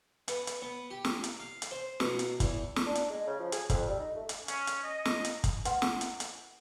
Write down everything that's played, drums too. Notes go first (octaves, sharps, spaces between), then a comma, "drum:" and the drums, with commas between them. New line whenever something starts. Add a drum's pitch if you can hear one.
B3, drum: hi-hat
drum: hi-hat
B3
G4
drum: snare
drum: hi-hat
F5
drum: hi-hat
C5
B2, drum: snare
drum: hi-hat
E2, drum: kick, hi-hat
drum: snare
D4
drum: hi-hat
G#3
C#3
F3
G#4, drum: hi-hat
F2, drum: kick, hi-hat
G3
D#4
A3
drum: hi-hat
C#4, drum: hi-hat
drum: hi-hat
D#5
drum: snare
drum: hi-hat
drum: kick, hi-hat
B4 F#5 C6, drum: hi-hat
drum: snare
drum: hi-hat
drum: hi-hat